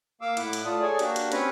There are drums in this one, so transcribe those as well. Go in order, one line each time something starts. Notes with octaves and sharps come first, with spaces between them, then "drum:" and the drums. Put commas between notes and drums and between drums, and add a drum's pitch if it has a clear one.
A#3 F5 D6 E6
A2 E4 F#5 D6, drum: hi-hat
drum: hi-hat
A3 F4 D5 A5 D#6
G#4 A4 C#5 D5 G#5
A#3 D4 F#4 G4, drum: hi-hat
drum: hi-hat
C4 C#4 G4 B4 C#5, drum: hi-hat